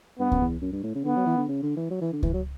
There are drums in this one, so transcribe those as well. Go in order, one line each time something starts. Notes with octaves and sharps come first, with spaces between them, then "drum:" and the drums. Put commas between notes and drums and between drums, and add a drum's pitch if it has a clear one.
G2 B3
F#2, drum: kick C#2
E2
F#2
G2
A2
C#3
D3 B3
F#3
E3
D3
C#3
D3
E3
F#3
E3
D3
E3, drum: kick C#2
F#3